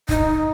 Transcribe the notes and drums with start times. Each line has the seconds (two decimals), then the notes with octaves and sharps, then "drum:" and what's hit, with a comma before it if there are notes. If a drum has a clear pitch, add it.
0.09 D#4, drum: kick